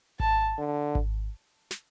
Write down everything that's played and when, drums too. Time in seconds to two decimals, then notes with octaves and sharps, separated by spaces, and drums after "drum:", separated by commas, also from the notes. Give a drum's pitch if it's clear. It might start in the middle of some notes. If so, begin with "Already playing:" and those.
0.20 A5, drum: kick G#1
0.58 D3
0.95 drum: kick G#1
1.71 drum: snare